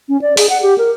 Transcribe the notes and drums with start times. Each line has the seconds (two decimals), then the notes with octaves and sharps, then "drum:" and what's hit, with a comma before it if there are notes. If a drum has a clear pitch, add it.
0.09 C#4
0.22 D5
0.37 G#4, drum: open hi-hat
0.49 F#5
0.63 G4
0.78 A#4